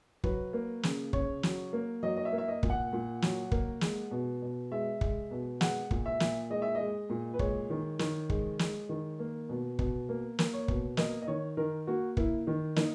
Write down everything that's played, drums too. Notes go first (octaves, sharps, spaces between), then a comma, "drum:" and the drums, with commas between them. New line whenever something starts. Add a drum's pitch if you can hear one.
F#3 B4, drum: kick
A#3
C#3, drum: snare
C#3 C#5, drum: kick
F#3, drum: snare
A#3
F#3 D#5
D#5
E5
A#3
E5
D#5
A#2, drum: kick
F#5
A#2
F#3, drum: snare
A#3, drum: kick
G#3, drum: snare
B2
B2
G#3 E5
G#3, drum: kick
B2
G#3 F#5, drum: snare
A#2, drum: kick
E5
A#2, drum: snare
G#3 D#5
E5
D#5
G#3
A#2
B4
G#3 C#5, drum: kick
D#3
D#3, drum: snare
G#3, drum: kick
G#3, drum: snare
D#3
A#3
B2
B2, drum: kick
A#3
A#3, drum: snare
C#5
B2, drum: kick
A#3 D#5, drum: snare
D#5
D#3 C#5
D#3 A#4
A#3 F#4
A#3 E4, drum: kick
D#3
A#3 D#4, drum: snare